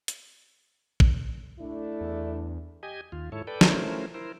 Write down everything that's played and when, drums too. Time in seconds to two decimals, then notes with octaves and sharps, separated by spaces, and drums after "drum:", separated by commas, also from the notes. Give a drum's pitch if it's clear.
0.08 drum: hi-hat
1.00 drum: kick
1.60 A3 D4 E4
2.01 E2
2.83 G4 D#5 G#5
3.12 D#2 F4
3.32 G#2 E4 A4 C#5
3.47 A4 B4 D5 G5
3.61 F3 A3 C#4 E4 A#4 C5, drum: snare
4.14 E4 A#4 C5